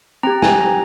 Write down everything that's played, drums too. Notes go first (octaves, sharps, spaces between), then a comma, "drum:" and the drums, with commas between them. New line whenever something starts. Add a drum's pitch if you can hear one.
C4 G4 A#5
G#5, drum: snare
A#5